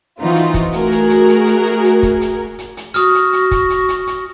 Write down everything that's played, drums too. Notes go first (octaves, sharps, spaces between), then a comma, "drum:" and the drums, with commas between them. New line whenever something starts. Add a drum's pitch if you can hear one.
E3 C4 D#4 F4 F#4
drum: hi-hat
drum: kick, hi-hat
A3 F#4 G#4 A#4, drum: hi-hat
drum: hi-hat
drum: hi-hat
drum: hi-hat
drum: hi-hat
drum: hi-hat
drum: hi-hat
drum: kick, hi-hat
drum: hi-hat
drum: hi-hat
drum: hi-hat
F#4 D#6 F6, drum: hi-hat
drum: hi-hat
drum: hi-hat
drum: kick, hi-hat
drum: hi-hat
drum: hi-hat
drum: hi-hat